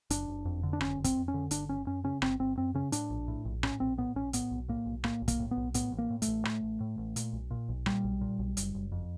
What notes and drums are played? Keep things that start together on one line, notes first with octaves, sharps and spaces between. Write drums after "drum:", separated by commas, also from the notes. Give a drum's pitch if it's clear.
F#1 D4, drum: hi-hat
F#1
F2
D3
D4
F#1 C#4, drum: rim click
F#1
C4, drum: kick, hi-hat
F2
C#4
D3
G1 D4, drum: hi-hat
G1 C#4
F#2 C#4
C#3 C#4
G1 C4, drum: rim click
G1 C4
F#2 C4
C#3 C#4
A2 D4, drum: hi-hat
A#1
A2
A#1
A2 C#4, drum: rim click
A#1 C4
A2 B3
A#1 C#4
A2 B3, drum: hi-hat
B1
A2 A#3
B1
A2 A#3, drum: rim click
B1
A#3, drum: kick, hi-hat
A2
B3
B1
A2 B3, drum: hi-hat
A1
A#3
A2
A3, drum: hi-hat
A1
A2, drum: rim click
A1
A2
A1
A#2, drum: hi-hat
B1
A#2
B1
A#2 G3, drum: rim click
B1
A#2
B1
F#1, drum: hi-hat
F#1
F2